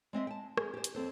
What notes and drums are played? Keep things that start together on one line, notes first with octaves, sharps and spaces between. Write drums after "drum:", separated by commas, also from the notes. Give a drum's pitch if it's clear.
G#3 C4 D#5 E5
G5 A5
G#4, drum: rim click
G4 C5
drum: hi-hat
F2 C4 A4 C5